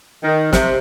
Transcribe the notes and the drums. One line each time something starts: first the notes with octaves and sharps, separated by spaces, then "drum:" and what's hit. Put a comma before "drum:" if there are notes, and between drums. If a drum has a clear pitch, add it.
D#3
C3, drum: snare